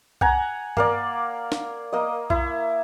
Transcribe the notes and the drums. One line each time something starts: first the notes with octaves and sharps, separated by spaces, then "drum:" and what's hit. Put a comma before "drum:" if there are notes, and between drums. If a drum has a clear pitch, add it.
F#5 G#5 A#5, drum: kick B1
A#3 A#4 D5, drum: tom G2
drum: snare
A#3 D#5
E4, drum: kick B1